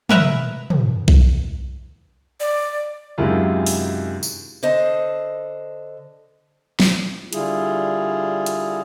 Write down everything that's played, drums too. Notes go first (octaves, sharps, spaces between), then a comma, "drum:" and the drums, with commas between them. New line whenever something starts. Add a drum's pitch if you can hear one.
A#4 B4 E5 A#5, drum: tom
drum: tom
drum: kick B1
D5
F#2 C3 D#3 G#3 E4 F4
drum: open hi-hat
drum: tambourine
D3 C5 D#5 A5
drum: snare
D3 G3 E4 F4 G#4, drum: hi-hat
drum: hi-hat